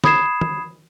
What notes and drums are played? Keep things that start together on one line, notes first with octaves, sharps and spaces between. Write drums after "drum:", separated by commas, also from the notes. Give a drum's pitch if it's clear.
B5 D#6 G#6 C7 E7, drum: snare
drum: tom D#3